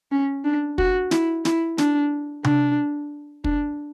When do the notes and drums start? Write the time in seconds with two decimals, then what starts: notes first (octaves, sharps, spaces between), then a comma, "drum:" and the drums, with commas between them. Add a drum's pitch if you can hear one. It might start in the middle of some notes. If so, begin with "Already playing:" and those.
0.12 C#4
0.45 D4
0.78 F#4, drum: kick
1.11 E4, drum: snare
1.45 E4, drum: snare
1.78 D4, drum: snare
2.44 D4, drum: tom C3
3.44 D4, drum: kick